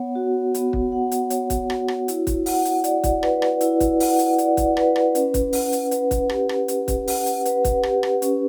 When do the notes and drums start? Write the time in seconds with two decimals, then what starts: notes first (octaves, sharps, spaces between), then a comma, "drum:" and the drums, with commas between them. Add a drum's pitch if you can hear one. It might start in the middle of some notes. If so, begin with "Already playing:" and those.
Already playing: B3 C#5 F#5
0.15 F#4
0.54 B3, drum: hi-hat
0.73 drum: kick
0.92 F#5
1.11 drum: hi-hat
1.30 C#5, drum: hi-hat
1.50 drum: kick, hi-hat
1.70 F#4, drum: rim click
1.88 drum: rim click
2.08 E4, drum: hi-hat
2.27 drum: kick, hi-hat
2.46 F#5, drum: open hi-hat
2.65 drum: hi-hat
2.84 D5, drum: hi-hat
3.04 drum: kick, hi-hat
3.23 B4, drum: rim click
3.42 drum: rim click
3.61 E4, drum: hi-hat
3.80 drum: kick, hi-hat
4.00 F#5, drum: open hi-hat
4.19 drum: hi-hat
4.38 D5, drum: hi-hat
4.57 drum: kick, hi-hat
4.77 B4, drum: rim click
4.96 drum: rim click
5.15 C#4, drum: hi-hat
5.34 drum: kick, hi-hat
5.53 F#5, drum: open hi-hat
5.72 drum: hi-hat
5.91 B4, drum: hi-hat
6.11 drum: kick, hi-hat
6.29 G4, drum: rim click
6.49 drum: rim click
6.68 C#4, drum: hi-hat
6.88 drum: kick, hi-hat
7.07 F#5, drum: open hi-hat
7.26 drum: hi-hat
7.45 B4, drum: hi-hat
7.65 drum: kick, hi-hat
7.83 G4, drum: rim click
8.03 drum: rim click
8.22 C#4, drum: hi-hat